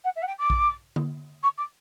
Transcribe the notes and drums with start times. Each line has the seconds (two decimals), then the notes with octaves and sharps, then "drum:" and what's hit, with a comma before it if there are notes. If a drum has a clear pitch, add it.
0.04 F#5
0.15 E5
0.22 F#5
0.27 G5
0.38 D6
0.50 drum: kick A#1
0.96 drum: tom D3
1.43 C#6
1.57 D6